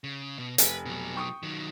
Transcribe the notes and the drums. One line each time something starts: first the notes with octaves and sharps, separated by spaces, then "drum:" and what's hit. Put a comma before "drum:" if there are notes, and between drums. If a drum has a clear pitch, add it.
C#3
B2
F1 B4, drum: hi-hat
B2 F#3
G5 C#6 D#6
D#3 F#3